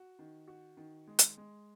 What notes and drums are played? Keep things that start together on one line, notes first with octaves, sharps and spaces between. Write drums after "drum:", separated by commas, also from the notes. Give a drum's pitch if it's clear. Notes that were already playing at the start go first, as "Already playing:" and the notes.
Already playing: F#4
D#3
F#4
D#3
G#3
drum: hi-hat
G#3